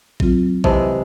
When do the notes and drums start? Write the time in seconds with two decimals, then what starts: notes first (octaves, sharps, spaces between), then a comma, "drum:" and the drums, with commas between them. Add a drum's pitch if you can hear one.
0.20 F#3 C4 F4, drum: kick A1
0.64 C3 E3 G#3 A5, drum: kick A1